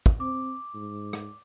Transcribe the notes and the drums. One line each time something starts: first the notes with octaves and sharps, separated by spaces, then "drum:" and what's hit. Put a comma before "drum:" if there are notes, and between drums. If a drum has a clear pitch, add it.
drum: kick
C4 D6
G#2
drum: rim click